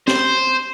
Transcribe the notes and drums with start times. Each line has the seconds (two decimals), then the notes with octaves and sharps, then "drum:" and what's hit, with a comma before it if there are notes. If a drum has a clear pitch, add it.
0.07 C5, drum: snare